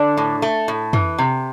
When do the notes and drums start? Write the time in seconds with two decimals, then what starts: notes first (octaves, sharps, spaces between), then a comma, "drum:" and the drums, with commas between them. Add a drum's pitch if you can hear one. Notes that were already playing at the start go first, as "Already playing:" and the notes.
Already playing: D3 D4
0.17 A2
0.42 A3
0.68 A2
0.93 E3, drum: tom
1.18 C3